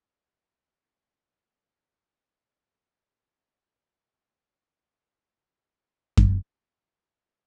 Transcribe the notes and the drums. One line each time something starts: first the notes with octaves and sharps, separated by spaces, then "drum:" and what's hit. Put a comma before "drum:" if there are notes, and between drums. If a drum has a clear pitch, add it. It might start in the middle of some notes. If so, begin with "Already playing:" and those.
F3 A#4 B5 F6
E2 A3 C4 C#4
G3
D3
A3
A3
D3
E3
F#1
B2
G4 B4 D#5
drum: kick F#2
C4 G5